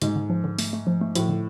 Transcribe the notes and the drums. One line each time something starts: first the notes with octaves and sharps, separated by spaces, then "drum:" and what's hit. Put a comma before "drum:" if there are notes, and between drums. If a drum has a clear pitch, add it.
G#2 D3, drum: hi-hat
D3
F3
D3
A3, drum: open hi-hat
A3
F3
A3
A2 F3, drum: hi-hat
D3